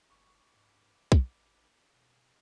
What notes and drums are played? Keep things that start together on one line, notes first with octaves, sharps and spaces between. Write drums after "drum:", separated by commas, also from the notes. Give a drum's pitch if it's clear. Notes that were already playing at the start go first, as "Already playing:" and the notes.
G1 D4 B4 C#6 D6
G#2
A1, drum: kick
B2 F5